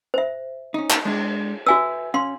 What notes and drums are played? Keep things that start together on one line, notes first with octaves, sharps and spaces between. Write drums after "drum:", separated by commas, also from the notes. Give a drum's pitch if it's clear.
C5 E5
C#4 D#4
drum: clap
G#3 D4, drum: cymbal
F#4 B4 E5 G#5 E6
C#4 F5 C6